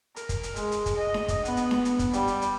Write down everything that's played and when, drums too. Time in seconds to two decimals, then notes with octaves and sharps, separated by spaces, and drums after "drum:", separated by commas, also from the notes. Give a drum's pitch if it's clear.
0.16 A#4, drum: hi-hat
0.29 drum: kick, hi-hat
0.43 drum: hi-hat
0.56 G#3, drum: hi-hat
0.72 drum: hi-hat
0.86 drum: kick, hi-hat
0.97 D#5
1.14 drum: snare D4
1.28 drum: kick, hi-hat
1.45 B3, drum: hi-hat
1.57 drum: hi-hat
1.71 drum: snare D4
1.85 drum: hi-hat
1.99 drum: kick, hi-hat
2.13 G3, drum: hi-hat
2.28 drum: hi-hat
2.42 drum: hi-hat